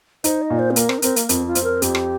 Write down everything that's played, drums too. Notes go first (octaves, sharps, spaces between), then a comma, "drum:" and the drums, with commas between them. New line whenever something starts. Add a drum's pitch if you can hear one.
D#4 C5, drum: hi-hat
D#5
A#2
C5
C4
A#3 A#4, drum: hi-hat
C4, drum: rim click
D#4
C4 A#4, drum: hi-hat
A#3, drum: hi-hat
F2 C4, drum: hi-hat
F4
C4, drum: hi-hat
A#4
F2 G4, drum: hi-hat
drum: rim click